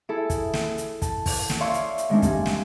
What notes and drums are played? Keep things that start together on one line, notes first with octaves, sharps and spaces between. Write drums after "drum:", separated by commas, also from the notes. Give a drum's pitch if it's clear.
E4 G#4 A4
drum: kick, hi-hat
drum: snare
drum: hi-hat
A5, drum: kick, hi-hat
drum: kick, open hi-hat
drum: snare
C#5 D5 E5 F5 C6 C#6
drum: hi-hat
drum: hi-hat
G#2 D#3 G#3 A3 C4 D4
G2 G#5, drum: kick, hi-hat
drum: snare